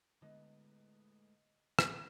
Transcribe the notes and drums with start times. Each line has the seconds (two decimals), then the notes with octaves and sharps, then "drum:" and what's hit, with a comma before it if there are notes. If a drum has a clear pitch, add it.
0.22 A2 D3 G#3 B3 B4 D#5
1.79 drum: rim click